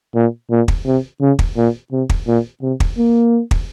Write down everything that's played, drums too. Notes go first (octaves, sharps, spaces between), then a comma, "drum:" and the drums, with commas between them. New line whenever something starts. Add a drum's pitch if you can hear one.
A#2
A#2
drum: kick
C3
C#3
drum: kick
A#2
C3
drum: kick
A#2
C3
drum: kick
A#3
drum: kick